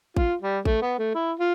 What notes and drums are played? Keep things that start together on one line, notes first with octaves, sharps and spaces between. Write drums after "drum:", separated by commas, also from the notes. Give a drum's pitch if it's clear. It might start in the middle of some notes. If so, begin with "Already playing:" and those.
F4, drum: kick A1
G3
A3, drum: kick A1
B3
A3
E4
F4